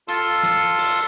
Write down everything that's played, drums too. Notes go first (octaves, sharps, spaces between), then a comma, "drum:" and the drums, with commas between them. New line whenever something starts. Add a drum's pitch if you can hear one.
F4 A4 C6 E6, drum: hi-hat
drum: snare
drum: open hi-hat